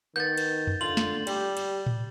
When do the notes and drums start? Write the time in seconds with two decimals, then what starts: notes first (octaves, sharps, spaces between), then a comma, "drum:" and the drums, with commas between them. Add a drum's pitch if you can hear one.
0.16 D#3 B3 G6 A6
0.38 drum: cymbal
0.67 drum: tom F2
0.81 D3 F4 F#7
0.97 drum: snare
1.27 G3 G4, drum: cymbal
1.57 drum: cymbal
1.86 drum: tom A2